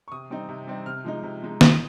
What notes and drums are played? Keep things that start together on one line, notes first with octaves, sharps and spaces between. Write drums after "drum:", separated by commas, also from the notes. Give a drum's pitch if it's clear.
C#6
C3 D#6
G3 C4 D#4
C3
G3 C4 D#4
C3 F6
F3 G#3 D#4
C3
F3 G#3 D#4
A#2 D#6, drum: snare